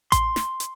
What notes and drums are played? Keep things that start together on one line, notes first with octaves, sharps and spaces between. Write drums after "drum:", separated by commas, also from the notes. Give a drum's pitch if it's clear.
C6, drum: kick A1, hi-hat
drum: snare
drum: hi-hat